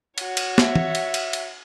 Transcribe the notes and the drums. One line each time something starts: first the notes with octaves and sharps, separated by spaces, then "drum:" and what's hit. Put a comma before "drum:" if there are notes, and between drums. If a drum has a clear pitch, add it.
F#4 C#5, drum: cymbal
drum: cymbal
E5, drum: snare
drum: tom E3
drum: cymbal
drum: cymbal
drum: cymbal